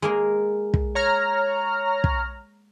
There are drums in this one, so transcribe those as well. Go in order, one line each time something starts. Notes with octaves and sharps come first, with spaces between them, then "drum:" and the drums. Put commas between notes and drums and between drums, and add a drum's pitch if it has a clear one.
G#3 A#3 A#4
drum: kick
C#5 A#5 F6
drum: kick